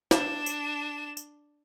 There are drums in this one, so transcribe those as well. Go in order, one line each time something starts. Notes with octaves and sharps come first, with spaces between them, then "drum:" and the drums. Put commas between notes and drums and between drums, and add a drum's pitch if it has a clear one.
D4 E7, drum: snare
drum: tambourine
drum: tambourine